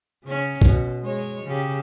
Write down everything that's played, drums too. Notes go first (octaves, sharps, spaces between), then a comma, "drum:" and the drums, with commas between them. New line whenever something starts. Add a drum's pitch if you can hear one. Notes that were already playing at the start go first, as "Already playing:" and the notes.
C#3 C#4
B2, drum: kick G#1
G#3 C#5
C#3 G4